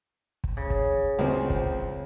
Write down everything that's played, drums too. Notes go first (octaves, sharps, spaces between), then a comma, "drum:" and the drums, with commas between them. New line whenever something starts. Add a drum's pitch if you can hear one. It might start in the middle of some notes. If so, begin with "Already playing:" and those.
drum: kick
C#3
drum: kick
C#2 C4
drum: kick